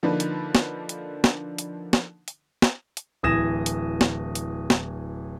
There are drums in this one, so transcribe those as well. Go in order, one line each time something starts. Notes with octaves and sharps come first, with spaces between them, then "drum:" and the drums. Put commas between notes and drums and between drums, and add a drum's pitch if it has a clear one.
D3 F3 A#3 D4 D#4 B4
drum: hi-hat
drum: snare
drum: hi-hat
drum: snare
drum: hi-hat
drum: snare
drum: hi-hat
drum: snare
drum: hi-hat
D1 E3 D#6 G#6 A#6 E7
drum: hi-hat
drum: snare
drum: hi-hat
drum: snare